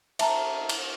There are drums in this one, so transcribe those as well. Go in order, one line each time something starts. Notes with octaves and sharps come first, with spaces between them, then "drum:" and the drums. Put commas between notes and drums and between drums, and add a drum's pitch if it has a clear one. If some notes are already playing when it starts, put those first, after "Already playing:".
E5 A5 A#5, drum: cymbal
drum: cymbal